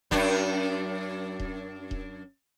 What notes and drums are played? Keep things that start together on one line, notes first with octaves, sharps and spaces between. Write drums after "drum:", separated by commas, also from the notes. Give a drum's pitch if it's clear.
F#2 D4, drum: kick D#1
drum: kick D#1
drum: kick D#1